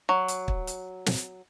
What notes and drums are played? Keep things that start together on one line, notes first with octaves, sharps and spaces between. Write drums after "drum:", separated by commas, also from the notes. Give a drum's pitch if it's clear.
F#3
drum: hi-hat
drum: kick
drum: hi-hat
drum: snare